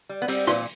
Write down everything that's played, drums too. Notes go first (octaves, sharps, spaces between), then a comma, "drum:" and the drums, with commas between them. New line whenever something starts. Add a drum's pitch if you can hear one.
G3
B3
G3 C4, drum: open hi-hat
A#2, drum: rim click